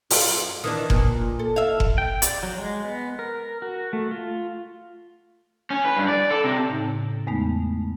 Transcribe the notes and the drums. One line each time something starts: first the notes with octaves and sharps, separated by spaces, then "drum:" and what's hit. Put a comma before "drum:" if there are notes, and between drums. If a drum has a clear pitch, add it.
F#2 F4, drum: open hi-hat
D#3 E3 D4
A#2, drum: kick F#1
A4
E5 F5
drum: kick F#1
G5
D5, drum: hi-hat
F#3
G#3
B3
A#4
F#4
A3
F4
C#4
B4
G2
D5
A4
C3
A2 C#3 D#4
E2 G#3 A3 B3 D#4